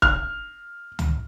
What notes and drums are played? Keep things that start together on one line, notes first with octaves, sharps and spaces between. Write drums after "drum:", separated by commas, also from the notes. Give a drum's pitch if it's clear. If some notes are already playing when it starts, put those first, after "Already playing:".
F6, drum: kick C#1
drum: tom C#2